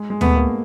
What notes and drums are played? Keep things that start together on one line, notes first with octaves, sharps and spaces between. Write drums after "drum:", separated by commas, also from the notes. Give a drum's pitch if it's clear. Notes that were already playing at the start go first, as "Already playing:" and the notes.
Already playing: G#3
G#3
A3 B3, drum: tom D2
A#3